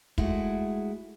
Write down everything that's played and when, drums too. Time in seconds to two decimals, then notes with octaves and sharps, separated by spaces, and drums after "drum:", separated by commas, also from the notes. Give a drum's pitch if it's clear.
0.18 G#3 A3 E4 F#4, drum: kick